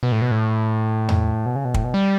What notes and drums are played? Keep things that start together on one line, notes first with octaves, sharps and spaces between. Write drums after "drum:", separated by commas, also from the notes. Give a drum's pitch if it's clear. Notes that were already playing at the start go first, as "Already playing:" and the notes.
B2
A2
B2
A2
drum: tom E2
B2
C#3
B2
A2, drum: kick
B2
G3